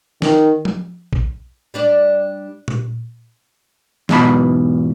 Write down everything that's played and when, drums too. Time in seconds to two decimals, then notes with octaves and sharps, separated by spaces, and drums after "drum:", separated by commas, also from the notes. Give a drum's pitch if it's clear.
0.22 D#3, drum: snare
0.65 drum: tom F3
1.13 drum: kick A#1
1.74 G3 D4 D5
2.68 drum: tom A#2
4.09 E2 G#2 B2 A5 B5, drum: snare